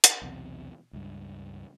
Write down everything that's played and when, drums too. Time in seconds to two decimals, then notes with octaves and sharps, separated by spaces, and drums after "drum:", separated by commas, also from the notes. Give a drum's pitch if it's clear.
0.04 drum: hi-hat
0.22 B1 E2 C3
0.93 C#2 G2